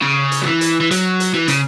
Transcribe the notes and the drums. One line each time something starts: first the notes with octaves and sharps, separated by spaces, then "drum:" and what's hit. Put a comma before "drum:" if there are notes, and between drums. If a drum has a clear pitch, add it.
C#3
drum: hi-hat
F#3
E3
drum: hi-hat
E3
F#3, drum: hi-hat
drum: hi-hat
E3
C#3, drum: hi-hat